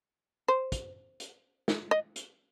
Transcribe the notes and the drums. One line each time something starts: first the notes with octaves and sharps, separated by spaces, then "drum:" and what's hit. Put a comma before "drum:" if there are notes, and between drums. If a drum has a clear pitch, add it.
C5
drum: kick, hi-hat
drum: hi-hat
drum: snare
D#5
drum: hi-hat